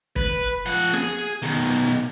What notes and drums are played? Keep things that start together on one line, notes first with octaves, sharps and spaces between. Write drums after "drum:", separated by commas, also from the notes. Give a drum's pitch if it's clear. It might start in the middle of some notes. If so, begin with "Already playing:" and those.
B4, drum: kick
F3 F#5
G#4, drum: snare
B2 D#3